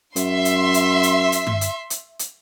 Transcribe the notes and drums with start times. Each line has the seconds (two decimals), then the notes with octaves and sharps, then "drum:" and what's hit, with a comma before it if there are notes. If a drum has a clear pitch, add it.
0.16 F#2 E5 C6, drum: hi-hat
0.45 drum: hi-hat
0.74 drum: hi-hat
1.03 drum: hi-hat
1.32 drum: hi-hat
1.47 drum: tom G2
1.61 drum: hi-hat
1.90 drum: hi-hat
2.19 drum: hi-hat